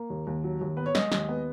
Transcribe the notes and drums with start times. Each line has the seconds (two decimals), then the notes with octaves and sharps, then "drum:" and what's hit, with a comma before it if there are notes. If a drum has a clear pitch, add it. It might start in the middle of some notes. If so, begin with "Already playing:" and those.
Already playing: A#3
0.10 D#2
0.27 D#2
0.44 F#3
0.61 D#2
0.77 B3 B4
0.86 C#5
0.95 G#3 D#5, drum: snare
1.12 D#2, drum: snare
1.29 B3